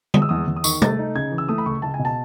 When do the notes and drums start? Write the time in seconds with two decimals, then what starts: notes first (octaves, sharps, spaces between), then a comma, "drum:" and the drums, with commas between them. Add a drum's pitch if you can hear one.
0.14 G#3 D#6, drum: tom D3
0.22 E6
0.29 E2 D#6
0.47 E2
0.56 D#6
0.64 D#3 C#6, drum: tambourine
0.82 A3 A6, drum: tom
0.99 D#4
1.15 C#3 G#6
1.32 E3
1.38 E6
1.49 A3 D#6
1.58 B5
1.66 C#2 C#6
1.82 C#2 A5
1.94 G#5
1.99 B2
2.05 A5